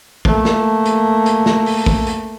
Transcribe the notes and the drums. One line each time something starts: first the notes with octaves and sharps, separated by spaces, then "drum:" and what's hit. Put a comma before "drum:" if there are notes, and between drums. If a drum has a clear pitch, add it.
A3 A#3, drum: kick
drum: snare
drum: hi-hat
drum: hi-hat
drum: snare
drum: open hi-hat
drum: kick
drum: hi-hat